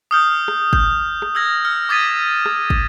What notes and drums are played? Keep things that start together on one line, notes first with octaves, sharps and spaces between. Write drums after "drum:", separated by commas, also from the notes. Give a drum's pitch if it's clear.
D#6 F6 G6
drum: rim click
G6, drum: kick
drum: rim click
E6 F6 G#6 A#6
F6
D6 D#6 G#6 A6 B6 D#7
drum: rim click
drum: kick